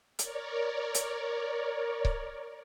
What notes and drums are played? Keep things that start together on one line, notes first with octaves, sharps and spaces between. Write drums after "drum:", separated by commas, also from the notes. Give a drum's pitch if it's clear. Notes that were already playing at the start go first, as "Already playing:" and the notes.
A#4 C#5 D5, drum: hi-hat
drum: hi-hat
drum: kick C#1